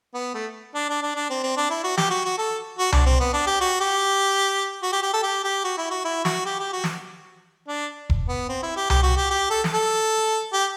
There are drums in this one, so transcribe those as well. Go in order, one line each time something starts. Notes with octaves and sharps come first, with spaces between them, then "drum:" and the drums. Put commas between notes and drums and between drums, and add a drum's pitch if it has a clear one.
B3
A3
D4
D4
D4
D4
C4
C4
D4
E4
F#4
G4, drum: snare
F#4
F#4
A4
F#4
D4, drum: tom C2
C4
B3
D4
G4
F#4
G4
F#4
G4
G4
A4
G4
G4
F#4
E4
F#4
E4
F#4, drum: snare
G4
G4
F#4
drum: snare
D4
drum: kick E1
B3
C4
E4
G4
G4, drum: tom C2
F#4
G4
G4
A4
drum: snare
A4
G4